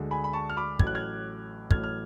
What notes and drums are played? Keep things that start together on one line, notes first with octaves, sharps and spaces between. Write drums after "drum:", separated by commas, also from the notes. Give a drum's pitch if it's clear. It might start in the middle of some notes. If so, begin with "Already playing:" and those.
Already playing: D2 D3 G#3
G#5 B5
B5
A5 C#6
F6
B5 D6
A1 A2 F#3 A3 G#6, drum: kick
F#6
F6 G#6
A1 A2 F#3 A3 F6 G#6, drum: kick
F6